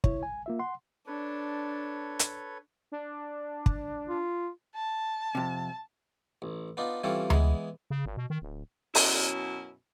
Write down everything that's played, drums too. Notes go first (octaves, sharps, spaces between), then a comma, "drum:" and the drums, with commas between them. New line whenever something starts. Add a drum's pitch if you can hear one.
C2 E4 C#5, drum: kick
G#5
A#3 F4 E5
F#5 C6
D4 A4 B4 C#5
drum: hi-hat
D4
drum: kick
F4
A5
F2 C3
A1
B3 D4 D#4 F4
E3 G3 C4 C#4 F4 A4
E3 G#3 B3, drum: tom D2
C#3
G#1
B2
D#3
D1
F#2 B2 C#4 E4, drum: open hi-hat